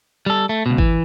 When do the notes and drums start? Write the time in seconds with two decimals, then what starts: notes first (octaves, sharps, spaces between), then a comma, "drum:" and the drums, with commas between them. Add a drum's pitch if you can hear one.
0.26 G3 A4
0.49 A3
0.66 C#2 B2
0.78 E3, drum: kick G#1